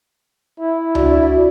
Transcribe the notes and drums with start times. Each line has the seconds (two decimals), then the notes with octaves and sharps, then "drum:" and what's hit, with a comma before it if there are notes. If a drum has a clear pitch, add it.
0.60 E4
0.95 D4 F#4 D5, drum: tom C#2